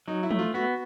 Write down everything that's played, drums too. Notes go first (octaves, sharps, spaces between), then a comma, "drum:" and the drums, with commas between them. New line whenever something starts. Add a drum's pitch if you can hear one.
F#3 D#4
E4
A3, drum: tom
F4
B3 F#4